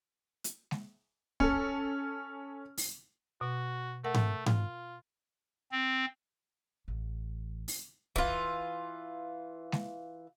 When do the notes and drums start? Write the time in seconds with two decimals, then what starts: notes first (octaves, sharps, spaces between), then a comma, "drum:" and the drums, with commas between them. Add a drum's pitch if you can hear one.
0.44 drum: hi-hat
0.71 drum: snare
1.40 C#4 A4, drum: kick
2.78 drum: open hi-hat
3.41 B2 F#4
4.04 A3 A#4 F#5
4.14 drum: tom G#2
4.46 F4, drum: tom G#2
5.72 C4
6.88 A1
7.68 drum: open hi-hat
8.16 E3 F4, drum: kick
9.72 drum: snare